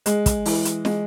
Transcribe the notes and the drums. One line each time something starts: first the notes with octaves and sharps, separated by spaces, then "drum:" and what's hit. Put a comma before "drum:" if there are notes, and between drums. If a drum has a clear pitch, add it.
G#3, drum: hi-hat
drum: kick, hi-hat
E3, drum: open hi-hat
drum: hi-hat
G#3, drum: snare